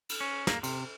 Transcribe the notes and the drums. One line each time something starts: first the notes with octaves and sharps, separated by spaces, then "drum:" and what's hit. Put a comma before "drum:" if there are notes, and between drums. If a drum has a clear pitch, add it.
drum: cymbal
C#4
A#3, drum: snare
C3, drum: cymbal